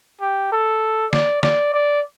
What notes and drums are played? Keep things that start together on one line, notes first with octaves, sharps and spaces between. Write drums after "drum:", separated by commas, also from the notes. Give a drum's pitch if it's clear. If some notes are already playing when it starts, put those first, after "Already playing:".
G4
A4
D5, drum: snare
D5, drum: snare
D5